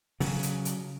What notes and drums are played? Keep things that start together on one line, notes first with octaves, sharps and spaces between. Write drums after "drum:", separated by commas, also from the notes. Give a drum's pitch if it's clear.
C#3 F#3, drum: open hi-hat
drum: hi-hat
drum: hi-hat